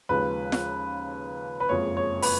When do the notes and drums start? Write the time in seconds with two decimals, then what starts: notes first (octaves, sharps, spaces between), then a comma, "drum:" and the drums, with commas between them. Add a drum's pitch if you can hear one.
0.09 D#2 C#3 F3 G#3 B4
0.52 drum: snare F4
1.60 B4
1.69 F#1 F2 F3 G#3 C#5
1.97 C#5
2.22 B4, drum: open hi-hat